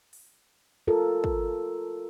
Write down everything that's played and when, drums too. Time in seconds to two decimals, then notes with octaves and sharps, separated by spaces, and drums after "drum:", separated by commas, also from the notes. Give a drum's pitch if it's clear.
0.13 drum: open hi-hat
0.87 F4 A4 A#4
1.24 drum: kick